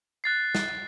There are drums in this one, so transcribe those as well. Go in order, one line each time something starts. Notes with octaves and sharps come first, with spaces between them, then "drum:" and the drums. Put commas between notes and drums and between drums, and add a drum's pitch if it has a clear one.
F#6 A6 C7
drum: snare